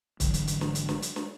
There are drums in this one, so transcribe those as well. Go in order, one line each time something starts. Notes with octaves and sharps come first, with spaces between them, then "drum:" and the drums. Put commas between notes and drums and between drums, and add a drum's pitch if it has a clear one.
G#1 D3 E3 F#3, drum: kick, hi-hat
drum: hi-hat
drum: hi-hat
drum: snare
drum: hi-hat
drum: snare
drum: hi-hat
drum: snare